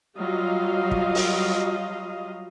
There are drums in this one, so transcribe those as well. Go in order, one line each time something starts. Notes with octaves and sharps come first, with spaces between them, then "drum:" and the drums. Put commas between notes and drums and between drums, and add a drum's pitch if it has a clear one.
F#3 G3 F4 D#5 F5
drum: kick
drum: open hi-hat